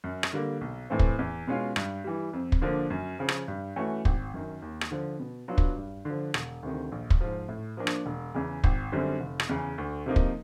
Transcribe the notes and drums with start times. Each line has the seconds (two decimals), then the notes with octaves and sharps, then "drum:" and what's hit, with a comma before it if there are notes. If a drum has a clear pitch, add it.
0.04 F#2
0.23 drum: rim click
0.33 D3 G3 A#3
0.61 B1
0.90 A2 E3 A3 C4
0.99 drum: kick
1.19 E2
1.48 B2 G#3 C#4 F4
1.76 G2, drum: rim click
2.04 E3 G3
2.33 F2
2.52 drum: kick
2.62 D3 F3 A#3 D4
2.90 F#2
3.19 C#3 F3
3.29 drum: rim click
3.48 G2
3.76 E3 A3 C#4 F#4
4.05 G#1, drum: kick
4.34 F#2 D#3
4.62 D#2
4.81 drum: rim click
4.91 D3 F3
5.19 B2
5.48 F#3 B3 D4 F4
5.58 drum: kick
5.76 G2
6.05 D3 F3
6.34 E1, drum: rim click
6.63 D2 C3 D#3
6.92 A#1
7.10 drum: kick
7.21 G#2 F3
7.49 A2
7.77 F3 A#3 D4
7.87 drum: rim click
8.06 E1
8.34 E2 C#3
8.64 G#1, drum: kick
8.92 F#2 D3 G3 C4
9.20 F1
9.40 drum: rim click
9.49 E2 C#3
9.78 D2
10.06 C3 F3 A#3 D#4
10.16 drum: kick